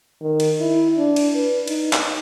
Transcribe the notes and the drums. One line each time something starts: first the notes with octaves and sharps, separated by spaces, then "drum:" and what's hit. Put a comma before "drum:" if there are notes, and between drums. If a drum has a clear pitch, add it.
D#3
drum: cymbal
E4
D4
drum: cymbal
B4
D#4, drum: cymbal
drum: clap